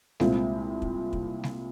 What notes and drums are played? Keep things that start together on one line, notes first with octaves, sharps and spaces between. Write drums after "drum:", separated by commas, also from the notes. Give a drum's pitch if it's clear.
C2 A#2 G#3 C4 F4, drum: snare G3
drum: kick
drum: kick
drum: snare G3